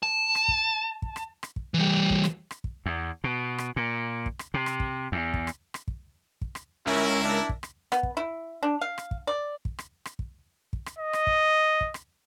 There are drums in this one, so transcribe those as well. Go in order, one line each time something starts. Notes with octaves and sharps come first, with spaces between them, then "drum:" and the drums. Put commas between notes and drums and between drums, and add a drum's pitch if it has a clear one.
A5
drum: rim click
drum: kick
drum: kick
drum: rim click
drum: rim click
drum: kick
E3 G3
drum: kick
drum: rim click
drum: rim click
drum: kick
E2
B2
drum: rim click
A#2
drum: kick
drum: rim click
C3
drum: rim click
drum: kick
E2
drum: kick
drum: rim click
drum: rim click
drum: kick
drum: kick
drum: rim click
C#2 C#4 E4 A#4 E5 A#6
D4
drum: kick
drum: rim click
B3, drum: rim click
drum: kick
E4
D4
F5
drum: rim click
drum: kick
D5
drum: kick
drum: rim click
drum: rim click
drum: kick
drum: kick
drum: rim click
D#5
drum: rim click
drum: kick
drum: kick
drum: rim click